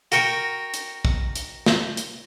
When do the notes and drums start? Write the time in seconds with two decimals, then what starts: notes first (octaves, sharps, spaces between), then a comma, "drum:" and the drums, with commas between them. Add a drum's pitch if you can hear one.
0.12 F#4 A#4 G5 C#6, drum: hi-hat
0.74 drum: hi-hat
1.05 drum: kick
1.36 drum: hi-hat
1.66 drum: snare
1.97 drum: hi-hat